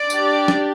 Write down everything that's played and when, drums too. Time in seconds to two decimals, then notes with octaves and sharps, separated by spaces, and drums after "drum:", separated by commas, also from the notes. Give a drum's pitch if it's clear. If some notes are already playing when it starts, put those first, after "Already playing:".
Already playing: D5
0.10 D4 G4, drum: tambourine
0.48 drum: snare